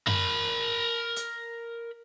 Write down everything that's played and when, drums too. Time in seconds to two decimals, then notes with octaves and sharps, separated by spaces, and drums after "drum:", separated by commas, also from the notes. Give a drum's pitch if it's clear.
0.07 A#4 B5, drum: tom F#2
1.16 drum: hi-hat